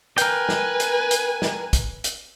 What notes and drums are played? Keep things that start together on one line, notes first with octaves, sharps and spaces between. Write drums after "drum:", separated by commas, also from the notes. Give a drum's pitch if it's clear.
A#4 B4 G5 G#5, drum: hi-hat
drum: snare
drum: hi-hat
drum: hi-hat
drum: snare
drum: kick, hi-hat
drum: hi-hat